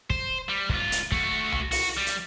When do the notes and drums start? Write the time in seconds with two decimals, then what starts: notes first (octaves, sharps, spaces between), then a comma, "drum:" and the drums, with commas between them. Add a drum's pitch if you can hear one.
0.10 C5, drum: kick
0.49 G3
0.69 G#2 F4, drum: kick
0.92 drum: hi-hat
1.12 A3 F#4, drum: kick
1.52 drum: tom C2
1.71 F#4, drum: open hi-hat
1.97 G3
2.06 drum: hi-hat